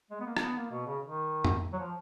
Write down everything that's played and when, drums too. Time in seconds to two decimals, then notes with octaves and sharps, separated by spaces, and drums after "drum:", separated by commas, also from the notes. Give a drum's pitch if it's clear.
0.11 G#3
0.20 B3
0.26 A#3
0.37 A#3, drum: rim click
0.41 B3
0.57 A#3
0.71 B2
0.87 C#3
1.03 D#3
1.44 drum: tom F2
1.73 F#3
1.79 F3